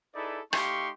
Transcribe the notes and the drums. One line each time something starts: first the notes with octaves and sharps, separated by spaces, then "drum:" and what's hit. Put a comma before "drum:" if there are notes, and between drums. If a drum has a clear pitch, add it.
D#4 E4 G#4 A4 B4 D5
A3 D#4 G4 F5 C6 C#6, drum: rim click